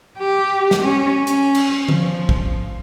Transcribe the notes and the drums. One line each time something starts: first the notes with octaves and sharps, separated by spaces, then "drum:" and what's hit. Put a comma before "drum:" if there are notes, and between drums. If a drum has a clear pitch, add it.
G4
drum: snare
C#4
C#4, drum: hi-hat
drum: cymbal
F3, drum: tom D3
drum: kick